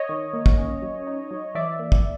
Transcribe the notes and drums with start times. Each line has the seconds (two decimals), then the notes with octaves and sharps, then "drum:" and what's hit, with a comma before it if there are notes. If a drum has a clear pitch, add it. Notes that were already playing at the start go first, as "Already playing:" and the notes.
Already playing: C#5 D#5
0.09 D#3
0.33 A#3
0.46 drum: kick
0.58 C#4
0.82 F#3
1.07 D#4
1.31 F#3
1.55 E3 D5 E5
1.79 A#3
1.92 drum: kick